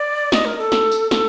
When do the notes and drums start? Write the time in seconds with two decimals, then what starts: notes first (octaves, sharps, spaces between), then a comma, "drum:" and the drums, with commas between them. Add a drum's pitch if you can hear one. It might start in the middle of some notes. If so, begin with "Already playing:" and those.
Already playing: D5
0.32 D#5, drum: snare
0.45 A#4
0.59 A4
0.72 drum: snare
0.92 drum: tambourine
1.11 A4, drum: snare